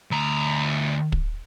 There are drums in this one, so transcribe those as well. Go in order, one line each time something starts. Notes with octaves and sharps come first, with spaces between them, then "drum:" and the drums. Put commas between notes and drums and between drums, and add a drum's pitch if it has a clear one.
D2 A#5
drum: kick